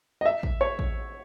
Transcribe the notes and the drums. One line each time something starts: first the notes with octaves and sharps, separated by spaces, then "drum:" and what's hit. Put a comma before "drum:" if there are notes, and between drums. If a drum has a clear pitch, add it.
D#5
E5
drum: kick A1
C#5
drum: kick A1